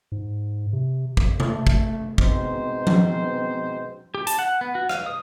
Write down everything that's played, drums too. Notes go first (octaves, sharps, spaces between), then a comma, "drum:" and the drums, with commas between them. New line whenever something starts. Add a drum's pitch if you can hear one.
G#2
C3
drum: kick
A3, drum: tom C3
drum: kick
B2 G#3 B3 C4 D#4 C5, drum: kick
drum: tom F3
G4
A5, drum: hi-hat
F#5
B3
F#4
F5, drum: rim click
D#6